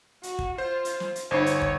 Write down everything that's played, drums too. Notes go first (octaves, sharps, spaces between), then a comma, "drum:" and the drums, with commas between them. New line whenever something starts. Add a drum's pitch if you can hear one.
F#4, drum: hi-hat
drum: kick
F4 C5
drum: hi-hat
drum: snare
drum: hi-hat
G1 D#4 C5 C#5
drum: hi-hat
drum: kick